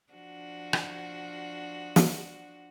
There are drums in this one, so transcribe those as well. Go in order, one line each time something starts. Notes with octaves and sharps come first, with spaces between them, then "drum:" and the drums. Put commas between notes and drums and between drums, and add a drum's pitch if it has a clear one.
F3 D4 F#4
drum: rim click
drum: snare